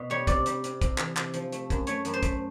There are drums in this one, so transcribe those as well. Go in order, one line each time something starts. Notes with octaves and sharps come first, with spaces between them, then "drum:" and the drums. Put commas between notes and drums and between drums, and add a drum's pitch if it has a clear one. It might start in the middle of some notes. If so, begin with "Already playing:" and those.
Already playing: B2
G3 C#5
C3 D5, drum: kick, hi-hat
G3, drum: hi-hat
C3, drum: hi-hat
C3, drum: kick, hi-hat
E3, drum: clap
C3, drum: clap
F3, drum: hi-hat
A3, drum: hi-hat
F#2, drum: kick, hi-hat
A3 C#5, drum: hi-hat
F#2, drum: hi-hat
C5
A3, drum: kick, hi-hat